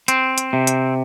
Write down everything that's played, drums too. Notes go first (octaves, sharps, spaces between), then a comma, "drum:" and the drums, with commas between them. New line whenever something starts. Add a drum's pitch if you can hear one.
C4, drum: hi-hat
drum: hi-hat
C3
drum: hi-hat